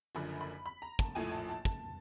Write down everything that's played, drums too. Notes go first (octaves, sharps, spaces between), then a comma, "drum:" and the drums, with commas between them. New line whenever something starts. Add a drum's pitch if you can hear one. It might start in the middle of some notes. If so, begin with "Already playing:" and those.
F#1 F#2 D3 F3 B5
B5
B5
A#5
A5, drum: kick
A#1 A2 F3 A3 G#5
A5
A5
A5, drum: kick